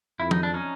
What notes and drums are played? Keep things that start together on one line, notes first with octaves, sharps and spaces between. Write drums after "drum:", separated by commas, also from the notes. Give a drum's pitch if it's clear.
F2 E4
D#4, drum: tom F3
D4
C#4 D#4